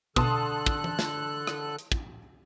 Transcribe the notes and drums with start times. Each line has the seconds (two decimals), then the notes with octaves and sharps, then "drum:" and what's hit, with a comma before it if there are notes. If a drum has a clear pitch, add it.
0.16 B2 D3 A4 A5 C6 D#6 F#6, drum: kick
0.66 drum: kick
0.84 drum: tom E3
0.99 drum: snare
1.47 drum: rim click
1.79 drum: hi-hat
1.92 drum: kick